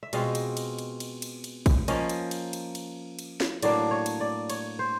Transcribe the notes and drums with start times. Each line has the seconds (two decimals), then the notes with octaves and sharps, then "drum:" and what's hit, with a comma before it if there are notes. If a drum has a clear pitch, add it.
0.03 E5
0.13 B2 G#3 C4 F4 D#5, drum: cymbal
0.35 drum: cymbal
0.57 drum: cymbal
0.79 drum: cymbal
1.00 drum: cymbal
1.22 drum: cymbal
1.44 drum: cymbal
1.66 drum: kick, cymbal
1.88 F3 A#3 C#4 D#5, drum: cymbal
2.09 drum: cymbal
2.31 drum: cymbal
2.53 drum: cymbal
2.75 drum: cymbal
3.19 drum: cymbal
3.40 drum: snare
3.62 A2 F#3 A#3 D4 D5, drum: cymbal
3.91 C#5
4.06 drum: cymbal
4.20 D5
4.50 C#5, drum: cymbal
4.79 C5